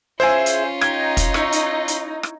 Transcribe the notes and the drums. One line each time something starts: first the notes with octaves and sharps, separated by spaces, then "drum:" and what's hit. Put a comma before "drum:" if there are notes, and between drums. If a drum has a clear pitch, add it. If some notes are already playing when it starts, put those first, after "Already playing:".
C#4 E4 F4 G#4 C5 E5 G#5
drum: hi-hat
D#4 G4 G#6, drum: rim click
drum: kick, hi-hat
E4 B5 C#6, drum: rim click
drum: hi-hat
drum: hi-hat
drum: rim click